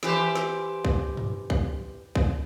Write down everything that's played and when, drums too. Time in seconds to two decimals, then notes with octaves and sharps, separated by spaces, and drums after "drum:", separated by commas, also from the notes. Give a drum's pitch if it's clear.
0.03 E3 G4 C5, drum: snare
0.35 drum: snare
0.85 drum: kick
1.17 drum: tom
1.50 drum: kick
2.15 drum: kick